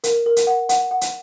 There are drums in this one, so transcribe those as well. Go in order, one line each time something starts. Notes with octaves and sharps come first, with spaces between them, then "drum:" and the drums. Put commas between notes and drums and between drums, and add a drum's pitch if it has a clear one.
A#4, drum: hi-hat
A#4
drum: hi-hat
F#5
F#5, drum: hi-hat
F#5
drum: hi-hat